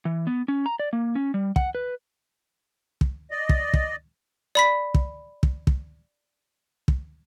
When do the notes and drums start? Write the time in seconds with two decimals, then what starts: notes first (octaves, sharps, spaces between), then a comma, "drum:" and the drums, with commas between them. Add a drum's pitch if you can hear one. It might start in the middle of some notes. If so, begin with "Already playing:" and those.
0.05 E3
0.27 B3
0.48 C#4
0.66 A#5
0.80 D5
0.93 A#3
1.15 C#4
1.34 G3
1.56 F#5, drum: kick
1.75 B4
3.01 drum: kick
3.31 D5 D#5
3.49 drum: kick
3.74 drum: kick
4.55 D5 B5 B6
4.94 drum: kick
5.43 drum: kick
5.67 drum: kick
6.88 drum: kick